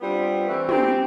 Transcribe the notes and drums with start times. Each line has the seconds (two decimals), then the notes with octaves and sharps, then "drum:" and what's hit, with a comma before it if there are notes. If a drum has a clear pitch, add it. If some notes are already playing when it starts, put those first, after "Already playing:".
0.01 G3 B3 C4 D4 F4
0.48 E3 A3 C4
0.69 C4 G4, drum: tom